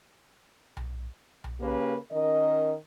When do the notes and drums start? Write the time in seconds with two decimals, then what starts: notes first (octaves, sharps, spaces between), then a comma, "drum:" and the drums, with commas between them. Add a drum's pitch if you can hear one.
0.77 drum: tom B1
1.44 drum: tom B1
1.61 C#3 A#3 C#4 G4 A#4 B4
2.12 D#3 C#4 A#4 D#5